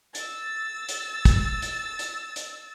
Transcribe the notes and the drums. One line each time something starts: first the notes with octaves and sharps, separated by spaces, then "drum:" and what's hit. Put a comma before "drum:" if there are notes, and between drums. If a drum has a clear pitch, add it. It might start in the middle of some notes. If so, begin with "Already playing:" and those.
E6 A6, drum: hi-hat
drum: hi-hat
drum: kick, hi-hat
drum: hi-hat
drum: hi-hat
drum: hi-hat